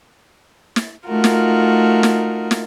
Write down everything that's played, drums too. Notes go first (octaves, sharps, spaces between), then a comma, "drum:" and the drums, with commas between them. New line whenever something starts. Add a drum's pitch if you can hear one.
drum: snare
A3 D#4 F4 F#4 A#4
drum: snare
drum: snare
drum: snare